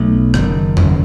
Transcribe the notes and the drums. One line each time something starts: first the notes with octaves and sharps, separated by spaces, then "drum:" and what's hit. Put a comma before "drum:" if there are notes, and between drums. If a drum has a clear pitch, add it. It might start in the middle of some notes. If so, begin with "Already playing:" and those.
Already playing: B1 B2 A3
F#1 F#2 D#3, drum: rim click
F#1 F#2 D#3, drum: tom E2